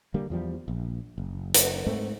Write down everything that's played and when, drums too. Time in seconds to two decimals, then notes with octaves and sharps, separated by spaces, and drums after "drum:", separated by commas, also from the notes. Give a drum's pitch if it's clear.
0.14 D3 G3 A#3
0.30 E2 F3 G3
0.68 A#1
1.18 F#1
1.54 drum: hi-hat
1.87 G#2 A3 C4